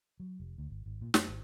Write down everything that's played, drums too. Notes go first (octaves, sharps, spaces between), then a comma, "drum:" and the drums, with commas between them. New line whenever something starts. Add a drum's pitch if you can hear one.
F#3
F1
D2
G#1
G#1
A#2
F#2, drum: snare
G#1